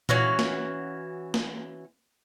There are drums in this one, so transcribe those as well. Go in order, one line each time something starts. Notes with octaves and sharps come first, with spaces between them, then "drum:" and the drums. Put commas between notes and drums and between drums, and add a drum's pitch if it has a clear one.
E3 C#4 F#4 F5, drum: tom A#2
drum: snare
drum: snare